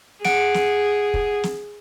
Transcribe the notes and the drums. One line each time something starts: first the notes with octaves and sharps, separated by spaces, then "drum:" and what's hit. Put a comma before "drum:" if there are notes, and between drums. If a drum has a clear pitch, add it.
G#4 F#5 D7, drum: snare
drum: snare
drum: kick
drum: snare